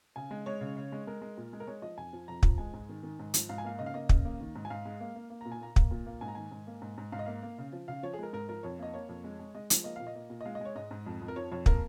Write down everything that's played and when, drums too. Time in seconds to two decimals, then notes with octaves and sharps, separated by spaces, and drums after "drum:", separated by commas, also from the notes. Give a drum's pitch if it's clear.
0.16 C#3 G#5
0.31 G#3
0.46 G#3 C#5
0.61 C#3
0.77 C#3
0.92 G#3
1.07 G#3 A#4
1.21 G#3
1.37 A#2
1.53 G#3
1.60 A#4
1.67 G#3 C#5
1.82 F3 D#5
1.97 F2 G#5
2.13 F3
2.28 F2 A#5
2.43 F3, drum: kick
2.58 G#3 G#5
2.73 G#2
2.89 D#3
3.03 D#3
3.19 G#2
3.34 F3, drum: hi-hat
3.49 G#2 F5
3.58 G#5
3.64 A#3 F5
3.79 C#3 D#5
3.86 F5
3.94 A#3 D#5
4.09 C#3, drum: kick
4.25 A#3
4.40 D#3
4.55 G#2
4.65 G#5
4.70 G#2 F5
4.85 G#3
5.00 A#3
5.16 A#3
5.30 A#3
5.41 A#2 A#5
5.52 G#5
5.61 A#3 A#5
5.76 A#3, drum: kick
5.91 A#2
6.06 A#3
6.21 G#2 G#5
6.28 A#5
6.35 D#3 G#5
6.51 G#2
6.67 A#3
6.82 G#2
6.98 G#2
7.12 G#2 F5
7.19 D#5
7.26 A#3 F5
7.43 A#3
7.58 C#3
7.73 F3
7.88 C#3 F5
8.03 F3 C#5
8.14 G#4
8.19 G#3 A#4
8.33 G#2 A#4
8.48 F3 A#4
8.63 F2 C#5
8.79 A#3 D#5
8.94 A#3 C#5
9.09 F2
9.24 G#3
9.39 G#3
9.55 G#3 D#5
9.70 F3, drum: hi-hat
9.84 A#3 D#5
9.96 A#2 F5
10.07 D#5
10.15 A#3
10.30 A#2
10.41 D#5
10.45 G#3 F5
10.55 D#5
10.61 G#3 C#5
10.75 G#2 D#5
10.91 G#2
11.06 F2
11.22 F2
11.28 A#4
11.36 F3 C#5
11.52 F2 C#5
11.66 A#3 A#4, drum: kick